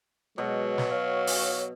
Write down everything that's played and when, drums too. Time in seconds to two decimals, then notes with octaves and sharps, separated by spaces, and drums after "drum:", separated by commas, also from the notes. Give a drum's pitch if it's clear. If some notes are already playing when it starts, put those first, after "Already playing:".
0.38 B2 F#3 G#3
0.78 drum: snare
0.91 C#5 F5
1.27 drum: open hi-hat